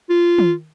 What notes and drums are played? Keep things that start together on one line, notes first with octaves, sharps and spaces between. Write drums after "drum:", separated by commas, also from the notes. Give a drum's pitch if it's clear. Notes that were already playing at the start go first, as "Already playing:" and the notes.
F4
drum: tom